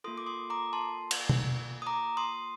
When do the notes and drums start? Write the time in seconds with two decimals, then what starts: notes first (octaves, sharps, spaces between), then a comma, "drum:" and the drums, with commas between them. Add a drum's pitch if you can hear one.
0.04 A#3 F4 A4 C6 D#6
0.18 D6
0.27 C6 D#6
0.50 A#5 D6
0.73 A5 C6
1.11 drum: cymbal
1.30 drum: tom B2
1.82 D#6
1.86 A#5 D6
2.17 C6 D#6